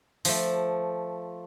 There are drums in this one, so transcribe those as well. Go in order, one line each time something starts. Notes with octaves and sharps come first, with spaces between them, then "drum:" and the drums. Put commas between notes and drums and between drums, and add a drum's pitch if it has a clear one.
F3 A3, drum: open hi-hat